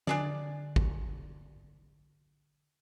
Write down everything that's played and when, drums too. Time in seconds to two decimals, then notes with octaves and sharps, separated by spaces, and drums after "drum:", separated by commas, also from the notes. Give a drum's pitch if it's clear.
0.07 D3 D4 G#4 D5, drum: snare
0.76 drum: kick